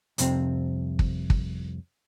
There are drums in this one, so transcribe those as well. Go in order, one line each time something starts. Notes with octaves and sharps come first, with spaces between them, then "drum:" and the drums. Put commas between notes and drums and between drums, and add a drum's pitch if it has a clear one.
C2 F2 C3 C4, drum: hi-hat
drum: kick
drum: kick